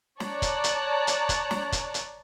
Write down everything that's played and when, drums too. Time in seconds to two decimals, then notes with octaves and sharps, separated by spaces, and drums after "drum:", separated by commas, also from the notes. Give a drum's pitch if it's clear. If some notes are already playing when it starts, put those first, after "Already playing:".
0.20 C#5 D5 A5 A#5 F#6, drum: snare
0.42 drum: kick, hi-hat
0.64 drum: hi-hat
1.07 drum: hi-hat
1.29 drum: kick, hi-hat
1.51 drum: snare
1.72 drum: kick, hi-hat
1.94 drum: hi-hat